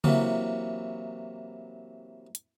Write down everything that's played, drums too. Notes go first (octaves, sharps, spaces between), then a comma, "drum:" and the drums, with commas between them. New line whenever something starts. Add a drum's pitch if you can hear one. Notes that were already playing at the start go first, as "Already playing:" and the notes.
C3 E3 F#3 A#3, drum: tom C#3
drum: hi-hat